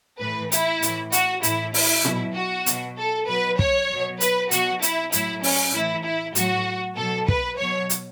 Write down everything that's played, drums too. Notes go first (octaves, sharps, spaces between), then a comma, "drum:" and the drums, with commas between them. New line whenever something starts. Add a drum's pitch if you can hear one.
A2 E3 B4
E4, drum: hi-hat
A2 E3, drum: hi-hat
F#4, drum: hi-hat
A2 E3 E4, drum: hi-hat
E4, drum: open hi-hat
B2 F#3, drum: tom A#2
F#4
B2 F#3, drum: hi-hat
A4
B2 F#3 B4
C#5, drum: kick
B2 F#3
B4, drum: hi-hat
B2 F#3 F#4, drum: hi-hat
E4, drum: hi-hat
A2 F#3 E4, drum: hi-hat
C#4, drum: open hi-hat
A2 E3 E4
E4
A2 F#3 F#4, drum: hi-hat
B2 F#3 A4
B4, drum: kick
B2 F#3 C#5
drum: hi-hat